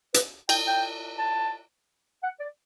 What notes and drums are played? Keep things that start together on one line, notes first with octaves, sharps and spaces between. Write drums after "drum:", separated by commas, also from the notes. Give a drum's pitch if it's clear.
B4, drum: hi-hat
G5, drum: cymbal
G5
A5
F#5
D5